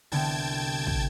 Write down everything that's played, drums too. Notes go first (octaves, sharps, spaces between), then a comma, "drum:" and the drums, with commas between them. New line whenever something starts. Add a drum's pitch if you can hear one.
C2 D3 B3 G5 A5 G#6
drum: kick